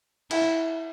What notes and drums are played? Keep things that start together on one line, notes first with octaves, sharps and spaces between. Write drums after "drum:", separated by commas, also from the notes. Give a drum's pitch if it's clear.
E4, drum: cymbal